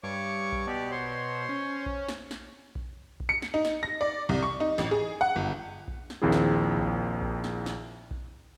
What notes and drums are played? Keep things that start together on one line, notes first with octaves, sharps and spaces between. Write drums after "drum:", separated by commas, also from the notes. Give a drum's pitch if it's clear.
G2 C#5 C#6 D6
drum: kick A#1
B2 G4 D5
C5 C#5 C6
C#4
drum: kick A#1
drum: snare
drum: snare
drum: kick A#1
drum: kick A#1
C#7
drum: snare
D#4
drum: snare
A#6
D5
C2
C#6
D#4
A1, drum: snare
G#4
F#5
G1
drum: kick A#1
drum: snare
A#1 D#2 C4 E4 G#4
drum: snare
drum: kick A#1
drum: kick A#1
drum: snare
drum: snare
drum: kick A#1